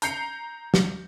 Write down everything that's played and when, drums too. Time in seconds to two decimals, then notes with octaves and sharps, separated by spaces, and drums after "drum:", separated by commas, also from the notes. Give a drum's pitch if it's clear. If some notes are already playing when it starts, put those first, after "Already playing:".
0.02 A#5 G6 C7 C#7 F7, drum: hi-hat
0.74 drum: snare